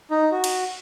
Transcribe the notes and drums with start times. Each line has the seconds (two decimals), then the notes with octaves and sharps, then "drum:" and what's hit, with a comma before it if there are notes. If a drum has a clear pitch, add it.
0.11 D#4
0.32 F#4
0.44 drum: cymbal